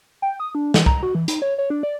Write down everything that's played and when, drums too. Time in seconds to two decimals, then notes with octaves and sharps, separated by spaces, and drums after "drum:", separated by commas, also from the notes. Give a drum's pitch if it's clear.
0.22 G5
0.40 D#6
0.55 D4
0.74 E3, drum: snare
0.86 A#5, drum: kick C2
1.03 F#4
1.15 E3
1.28 D#4, drum: hi-hat
1.42 C#5
1.58 C#5
1.70 D4
1.83 D5